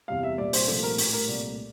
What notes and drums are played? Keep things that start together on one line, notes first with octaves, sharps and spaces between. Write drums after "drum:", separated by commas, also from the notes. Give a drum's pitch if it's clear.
E2 C3 G3 F5
E5
C2 A#2 G3 D5
C5, drum: open hi-hat
C2 A#2 F3 A3 A4
A#4
A2 G3, drum: open hi-hat
A#4
C2 A#2 A3 D5